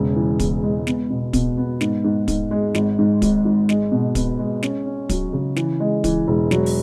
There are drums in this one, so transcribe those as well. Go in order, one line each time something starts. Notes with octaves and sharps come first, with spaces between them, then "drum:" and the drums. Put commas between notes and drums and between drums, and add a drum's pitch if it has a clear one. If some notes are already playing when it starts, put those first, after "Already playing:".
Already playing: E1 C#3
E3
E2, drum: kick, hi-hat
G#3
B3, drum: snare
B2
B2, drum: kick, hi-hat
B3
G#2, drum: snare
G#2
G#2, drum: kick, hi-hat
G#3
G#1, drum: snare
G#2
G#1, drum: kick, hi-hat
G#1
G#3, drum: snare
B2
B3, drum: kick, hi-hat
G#3
C#4, drum: snare
C#4
F#3, drum: kick, hi-hat
C#3
E3, drum: snare
G#3
E3, drum: kick, hi-hat
E1
F#3, drum: snare
drum: open hi-hat